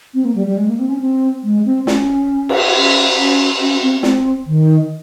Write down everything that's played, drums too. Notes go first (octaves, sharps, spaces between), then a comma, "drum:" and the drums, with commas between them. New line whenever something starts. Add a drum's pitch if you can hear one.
C4
A#3
G3
G3
G#3
A#3
C4
C#4
C4
G#3
C4
C#4, drum: snare
drum: cymbal
C#4
C#4
C#4
C4
C4, drum: snare
D#3